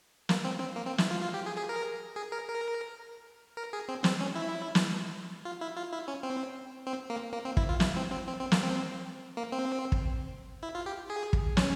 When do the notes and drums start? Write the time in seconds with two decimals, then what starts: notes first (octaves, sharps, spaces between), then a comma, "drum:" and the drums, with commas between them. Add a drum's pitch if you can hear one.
0.29 A#3, drum: snare
0.44 C4
0.60 C4
0.76 A#3
0.87 C4
0.98 E4, drum: snare
1.11 F4
1.22 F4
1.34 G4
1.46 G#4
1.57 G#4
1.69 A#4
2.16 G#4
2.32 A#4
2.48 A#4
3.57 A#4
3.73 G#4
3.88 C4
4.04 C4, drum: snare
4.21 C#4
4.35 E4
4.75 drum: snare
5.45 F4
5.61 E4
5.77 F4
5.93 E4
6.08 C#4
6.23 C4
6.87 C4
7.10 A#3
7.33 A#3
7.45 C4
7.57 E4, drum: kick
7.69 F4
7.80 E4, drum: snare
7.96 C4
8.11 C4
8.27 C4
8.40 C4
8.52 A#3, drum: snare
8.63 C4
9.37 A#3
9.52 C4
9.92 drum: kick
10.63 E4
10.75 F4
10.86 G4
11.10 G#4
11.33 drum: kick
11.57 C#4, drum: snare